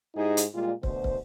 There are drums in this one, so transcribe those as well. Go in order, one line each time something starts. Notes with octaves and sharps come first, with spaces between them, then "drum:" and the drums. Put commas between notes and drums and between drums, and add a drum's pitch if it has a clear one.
G#2 D#4 E4 G4 G#4
drum: hi-hat
A#2 G3 G#3 F4
D2 B2 C5, drum: kick
drum: kick